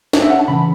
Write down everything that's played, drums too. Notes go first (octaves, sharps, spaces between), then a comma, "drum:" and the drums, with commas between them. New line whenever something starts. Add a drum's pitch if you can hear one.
C#5, drum: snare
E5
F#5
A5
C#3 E3 C#4 B5